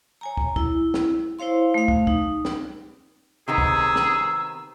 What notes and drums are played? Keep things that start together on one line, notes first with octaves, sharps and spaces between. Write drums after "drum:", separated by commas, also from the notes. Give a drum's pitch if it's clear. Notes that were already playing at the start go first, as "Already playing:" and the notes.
C#5 G#5 A#5
drum: kick
E4, drum: kick
drum: snare
E4 C5 C#5 F5 C6
A3 F5
drum: kick
D#4, drum: kick
drum: snare
C3 D#3 B3 G#4 E6
drum: kick
drum: snare